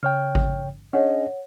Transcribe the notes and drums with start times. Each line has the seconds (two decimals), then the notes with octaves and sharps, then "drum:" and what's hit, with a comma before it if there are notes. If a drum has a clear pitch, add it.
0.03 C#3 C#5 G5 F6
0.35 drum: kick G#1
0.93 C#4 D4 G#4 C#5 D#5 F#5